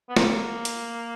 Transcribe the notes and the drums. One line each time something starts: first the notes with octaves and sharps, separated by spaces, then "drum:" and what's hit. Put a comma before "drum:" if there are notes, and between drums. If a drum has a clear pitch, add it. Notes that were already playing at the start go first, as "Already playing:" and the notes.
B3
A#3, drum: snare
drum: hi-hat